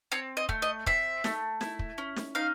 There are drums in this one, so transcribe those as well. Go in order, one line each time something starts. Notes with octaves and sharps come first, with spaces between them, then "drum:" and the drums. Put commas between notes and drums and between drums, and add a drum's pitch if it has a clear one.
C4 C#5
D#5
A3, drum: kick
D#5
C4 E5, drum: kick
A3, drum: snare
E4, drum: snare
drum: kick
C#4
drum: snare
D#4 F5